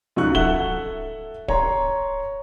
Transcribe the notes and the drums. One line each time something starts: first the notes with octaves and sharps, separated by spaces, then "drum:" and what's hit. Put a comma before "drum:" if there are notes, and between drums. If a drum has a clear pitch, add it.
C#2 F#3 D#4 F4 C#6 F#6
A4 E5 F#5 F#6 G7, drum: kick D1
C#5 A#5 C6 C#6, drum: kick D1